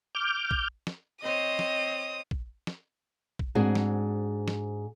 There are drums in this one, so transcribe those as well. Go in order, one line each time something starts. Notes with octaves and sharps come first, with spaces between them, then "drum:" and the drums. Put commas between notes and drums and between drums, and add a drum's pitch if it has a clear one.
D6 F6 G6
drum: kick
drum: snare
C4 C5 C#5 D#5 D#6
drum: snare
drum: kick
drum: snare
drum: kick
G#2 C4 D4 F#4 G#4
drum: snare
drum: snare